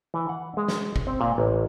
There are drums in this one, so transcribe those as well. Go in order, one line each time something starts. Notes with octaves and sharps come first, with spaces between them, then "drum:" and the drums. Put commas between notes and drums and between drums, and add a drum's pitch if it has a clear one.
E3
F#5
G#3
drum: snare
drum: kick
C4
A#2
A1